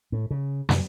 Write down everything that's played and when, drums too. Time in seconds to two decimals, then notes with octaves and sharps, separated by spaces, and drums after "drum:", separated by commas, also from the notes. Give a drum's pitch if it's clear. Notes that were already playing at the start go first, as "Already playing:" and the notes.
0.12 A2
0.31 C#3
0.69 F#2, drum: snare